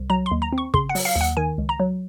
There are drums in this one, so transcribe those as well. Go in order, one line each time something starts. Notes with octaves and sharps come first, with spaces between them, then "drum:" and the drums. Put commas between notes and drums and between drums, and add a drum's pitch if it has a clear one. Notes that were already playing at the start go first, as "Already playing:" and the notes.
Already playing: C2
F#3 A#5
C6
D#2
A#5
C4
C#6
C#3 C6, drum: kick
F#5
F#3, drum: open hi-hat
F5
D#2
F#5
D#3 G#5
C#2
A#5
F#3